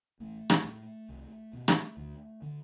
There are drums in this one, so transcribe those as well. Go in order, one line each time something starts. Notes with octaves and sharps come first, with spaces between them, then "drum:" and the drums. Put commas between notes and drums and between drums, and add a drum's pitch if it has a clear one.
A1 A3
drum: rim click
A2
C2
B2
drum: rim click
D2
D3